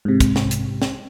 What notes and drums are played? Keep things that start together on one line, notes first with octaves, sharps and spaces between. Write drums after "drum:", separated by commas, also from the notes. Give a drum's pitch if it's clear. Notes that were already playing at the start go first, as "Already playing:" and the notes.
G#2 C3
drum: kick, hi-hat
drum: snare
drum: hi-hat
drum: snare